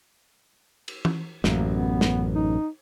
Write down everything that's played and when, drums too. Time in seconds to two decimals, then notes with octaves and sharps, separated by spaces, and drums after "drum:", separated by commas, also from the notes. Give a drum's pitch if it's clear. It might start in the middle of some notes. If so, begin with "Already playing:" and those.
0.88 drum: cymbal
1.05 drum: tom E3
1.44 A1 F#2 A#3, drum: snare
1.72 B3
2.01 drum: snare
2.35 D#4